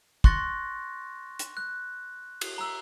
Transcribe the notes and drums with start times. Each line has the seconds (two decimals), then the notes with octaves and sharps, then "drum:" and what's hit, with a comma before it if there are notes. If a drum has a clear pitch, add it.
0.24 C6 C#6 F#6 A6 A#6 C#7, drum: kick
1.39 drum: hi-hat
1.57 F#6
2.41 drum: cymbal
2.58 A#5 E6